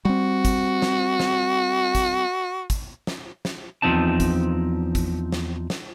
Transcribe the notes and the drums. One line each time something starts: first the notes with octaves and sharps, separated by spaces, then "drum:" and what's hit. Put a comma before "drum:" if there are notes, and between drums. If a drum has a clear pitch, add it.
G3 C4 F#4
drum: kick, hi-hat
drum: snare
drum: snare
drum: kick, hi-hat
drum: kick, hi-hat
drum: snare
drum: snare
E2 B2 F3 C4 D#4 A5
drum: kick, hi-hat
drum: kick, hi-hat
drum: snare
drum: snare